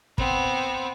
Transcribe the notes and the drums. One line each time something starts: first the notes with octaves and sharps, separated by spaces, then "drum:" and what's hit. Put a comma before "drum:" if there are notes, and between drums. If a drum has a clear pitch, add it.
B3 C4, drum: kick